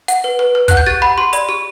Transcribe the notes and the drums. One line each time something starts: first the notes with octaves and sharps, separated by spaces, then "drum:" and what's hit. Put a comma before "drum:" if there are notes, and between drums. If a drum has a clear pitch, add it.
F#5, drum: hi-hat
B4
B4
B4
F#5 F#6, drum: kick, hi-hat
G6
G4 A6
F#5 B5
G4 C6
D5 B5, drum: hi-hat
G4